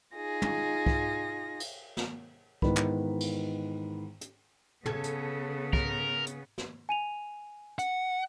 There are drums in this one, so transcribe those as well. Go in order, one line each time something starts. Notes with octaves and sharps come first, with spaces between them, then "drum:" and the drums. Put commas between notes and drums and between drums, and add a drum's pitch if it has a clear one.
D#4 F4 G#4 A#6
drum: tom
drum: kick C2
drum: cymbal
drum: snare
G#2 D#3 E3 G#3 B3 B5, drum: kick C2
drum: clap
drum: cymbal
drum: hi-hat
C#3 B3 A4 A5 G#6, drum: tom
drum: hi-hat
A#4, drum: kick C2
drum: hi-hat
drum: snare
G#5 D#7 F7
F#5, drum: hi-hat